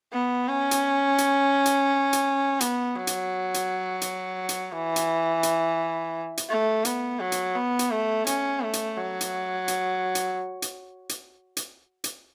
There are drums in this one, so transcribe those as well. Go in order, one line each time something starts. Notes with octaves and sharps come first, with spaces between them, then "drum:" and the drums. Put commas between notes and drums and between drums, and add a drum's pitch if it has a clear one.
B3
C#4
drum: hi-hat
drum: hi-hat
drum: hi-hat
drum: hi-hat
B3, drum: hi-hat
F#3
drum: hi-hat
drum: hi-hat
drum: hi-hat
drum: hi-hat
E3
drum: hi-hat
drum: hi-hat
drum: hi-hat
A3
B3, drum: hi-hat
F#3
drum: hi-hat
B3
drum: hi-hat
A3
C#4, drum: hi-hat
A3
drum: hi-hat
F#3
drum: hi-hat
drum: hi-hat
drum: hi-hat
drum: hi-hat
drum: hi-hat
drum: hi-hat
drum: hi-hat